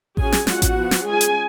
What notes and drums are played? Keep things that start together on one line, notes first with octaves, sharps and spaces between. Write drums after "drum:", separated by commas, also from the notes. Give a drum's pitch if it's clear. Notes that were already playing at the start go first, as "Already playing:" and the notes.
F#3 C#4 F4 G#4 G#5, drum: kick A1
drum: snare
G#3 C#4 F4 F#4 F#5, drum: snare
drum: kick A1, hi-hat
F3 B3 F4
drum: snare
G#3 C#4 F4 G#4 G#5
drum: hi-hat